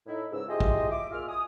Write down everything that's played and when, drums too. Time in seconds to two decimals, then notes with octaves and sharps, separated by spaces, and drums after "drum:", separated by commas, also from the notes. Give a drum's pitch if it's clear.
0.06 A2 D#4 E4
0.32 C#2 G#2 E6
0.48 E4 F4 G4 G#4 C5 D#5
0.60 drum: kick
0.90 E5 D6
1.11 A#2 F4 G#4 D#5 E5 F6
1.28 G#5 D#6